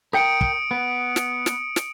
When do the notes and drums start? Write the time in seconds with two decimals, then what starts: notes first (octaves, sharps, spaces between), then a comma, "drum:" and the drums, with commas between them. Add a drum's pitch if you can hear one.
0.13 A#4 G5 D#6 C#7 D7
0.41 drum: kick
0.71 B3
1.16 drum: snare
1.46 drum: snare
1.76 drum: snare